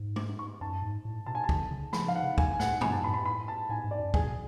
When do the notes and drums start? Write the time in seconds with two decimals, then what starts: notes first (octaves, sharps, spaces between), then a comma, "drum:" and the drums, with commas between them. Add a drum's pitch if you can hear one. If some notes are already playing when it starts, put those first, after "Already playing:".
Already playing: G#2
0.16 D6, drum: tom G#3
0.39 C#6
0.61 F#2 A5
0.82 G#2
1.05 A2
1.26 B2 A5
1.35 G#5
1.44 A5
1.49 D3, drum: kick
1.71 C#3
1.93 F3 B5, drum: snare
2.08 F3 F5
2.15 F#5
2.22 C#3
2.38 G#5, drum: kick
2.53 G#5
2.60 A2 F#5, drum: snare
2.81 B2 G#5, drum: tom F#2
2.92 A5
3.03 A2 B5
3.14 B5
3.25 B5
3.48 A5
3.69 A2 G#5
3.84 G#2
3.91 D5
3.99 F#2
4.14 A2 G#4, drum: kick
4.25 B2